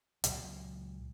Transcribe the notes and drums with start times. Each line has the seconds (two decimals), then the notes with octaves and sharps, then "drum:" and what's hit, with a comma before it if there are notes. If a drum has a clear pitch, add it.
0.24 C#2 A#2 F#3, drum: hi-hat